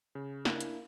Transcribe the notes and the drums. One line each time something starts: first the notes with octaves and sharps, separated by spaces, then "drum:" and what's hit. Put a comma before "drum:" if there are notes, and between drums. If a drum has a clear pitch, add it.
C#3
A#3 D4 E4, drum: snare
drum: hi-hat